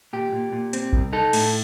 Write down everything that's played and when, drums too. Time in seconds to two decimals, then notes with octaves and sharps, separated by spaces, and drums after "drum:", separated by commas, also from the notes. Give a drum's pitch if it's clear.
0.13 A#2 G4
0.32 A#2
0.53 A#2
0.73 C4, drum: hi-hat
0.93 C2, drum: kick A#1
1.13 D#4 A4
1.33 A2, drum: cymbal